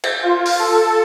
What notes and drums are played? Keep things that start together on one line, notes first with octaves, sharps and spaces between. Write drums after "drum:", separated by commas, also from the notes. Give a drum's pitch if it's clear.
drum: cymbal
F4
drum: open hi-hat
A4